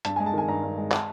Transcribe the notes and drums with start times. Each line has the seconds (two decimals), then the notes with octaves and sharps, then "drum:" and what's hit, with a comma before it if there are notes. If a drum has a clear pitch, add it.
0.05 G2 A5, drum: hi-hat
0.16 G#3 G#5
0.26 A5
0.34 D#3 G#5
0.48 G2 A#5
0.63 G2
0.77 G#3
0.92 A5, drum: clap